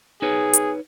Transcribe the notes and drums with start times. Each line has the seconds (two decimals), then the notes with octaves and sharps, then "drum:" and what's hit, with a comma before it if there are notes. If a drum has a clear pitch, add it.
0.22 D#4 G#4 B4 C#5
0.53 drum: hi-hat